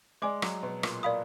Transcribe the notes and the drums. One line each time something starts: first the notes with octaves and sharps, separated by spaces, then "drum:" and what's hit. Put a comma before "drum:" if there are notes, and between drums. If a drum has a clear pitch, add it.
G#3 D5 G#5 D6
F#3, drum: rim click
B2
A#2, drum: rim click
A#4 D5 F5 B5 D#6